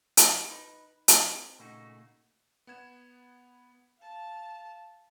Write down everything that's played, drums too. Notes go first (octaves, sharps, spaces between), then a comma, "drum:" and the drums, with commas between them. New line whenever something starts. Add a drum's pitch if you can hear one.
D#4 F#4 C5, drum: hi-hat
D#4 B4
C4, drum: hi-hat
A#2 C#3 A3 A#3 D#4 F#4
B3 F#5 G#6 E7
F5 A5